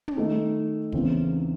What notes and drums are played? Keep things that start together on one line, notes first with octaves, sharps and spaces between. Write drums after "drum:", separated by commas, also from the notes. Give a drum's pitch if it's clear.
drum: tom
D#3 A3 D#4
E2 C#3 E3 C4, drum: kick